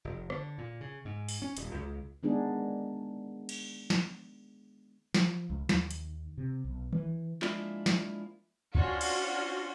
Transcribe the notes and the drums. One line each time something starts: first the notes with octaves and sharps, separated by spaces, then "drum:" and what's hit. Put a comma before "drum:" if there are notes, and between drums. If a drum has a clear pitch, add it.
F1
D3, drum: rim click
A#2
C#3
G#2
drum: open hi-hat
C#4
D#1, drum: hi-hat
C#2
D#3 G#3 B3 D4 D#4 G#4
drum: cymbal
drum: snare
F3, drum: snare
C#2
D#2, drum: snare
drum: hi-hat
C3
B1
E3, drum: tom D#3
F3 G#3 A#3 D4 E4 F4, drum: clap
drum: snare
C#4 D4 F4 F#4 C5, drum: kick
drum: cymbal